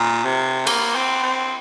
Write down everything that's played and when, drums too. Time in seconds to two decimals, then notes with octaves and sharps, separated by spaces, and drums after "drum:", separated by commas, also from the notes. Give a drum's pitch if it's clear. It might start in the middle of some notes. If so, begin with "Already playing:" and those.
Already playing: A#2
0.24 C3
0.67 A#3, drum: cymbal
0.95 C4
1.23 C4